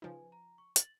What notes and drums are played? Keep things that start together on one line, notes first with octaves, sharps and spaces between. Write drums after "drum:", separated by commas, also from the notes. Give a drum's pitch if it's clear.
C#3 F3 D#4 B4 G#5
A#5
C#6
A6 F#7, drum: hi-hat